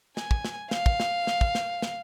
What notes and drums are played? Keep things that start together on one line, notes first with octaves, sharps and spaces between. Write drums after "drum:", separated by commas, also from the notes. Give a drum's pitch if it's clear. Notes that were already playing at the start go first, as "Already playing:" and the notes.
G#5, drum: snare
drum: kick
drum: snare
F5, drum: snare
drum: kick
drum: snare
drum: snare
drum: kick
drum: snare
drum: snare